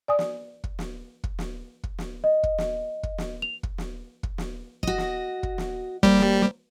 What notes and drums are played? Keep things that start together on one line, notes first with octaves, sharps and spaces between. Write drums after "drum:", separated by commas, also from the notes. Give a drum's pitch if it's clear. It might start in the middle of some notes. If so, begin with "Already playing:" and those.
D5 G#5 D#6
drum: snare
drum: kick
drum: snare
drum: kick
drum: snare
drum: kick
drum: snare
D#5
drum: kick
drum: snare
drum: kick
drum: snare
F7
drum: kick
drum: snare
drum: kick
drum: snare
F#4 D#5, drum: kick
drum: snare
drum: kick
drum: snare
G3 A#3 C5, drum: kick
drum: snare